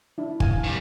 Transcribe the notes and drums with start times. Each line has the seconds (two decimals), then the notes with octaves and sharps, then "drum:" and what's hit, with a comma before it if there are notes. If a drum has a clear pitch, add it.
0.18 D4 E4
0.40 F5 G#5, drum: kick
0.64 D#3 G3